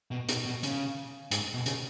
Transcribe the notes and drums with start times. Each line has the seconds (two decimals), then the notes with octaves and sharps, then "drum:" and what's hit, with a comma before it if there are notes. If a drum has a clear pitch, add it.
0.11 B2
0.29 B2, drum: hi-hat
0.45 B2
0.63 C#3, drum: hi-hat
1.31 G#2, drum: hi-hat
1.54 B2
1.66 C#3, drum: hi-hat